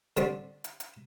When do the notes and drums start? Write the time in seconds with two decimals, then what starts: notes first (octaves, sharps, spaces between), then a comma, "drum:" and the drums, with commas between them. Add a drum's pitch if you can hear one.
0.17 D3 G3 C4, drum: hi-hat
0.64 drum: hi-hat
0.80 drum: hi-hat